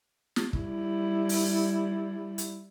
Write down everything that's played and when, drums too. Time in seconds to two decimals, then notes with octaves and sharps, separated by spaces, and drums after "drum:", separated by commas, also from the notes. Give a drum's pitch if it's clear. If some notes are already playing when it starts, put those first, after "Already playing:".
0.36 drum: snare
0.53 G3 E4, drum: kick
1.29 drum: open hi-hat
2.38 drum: hi-hat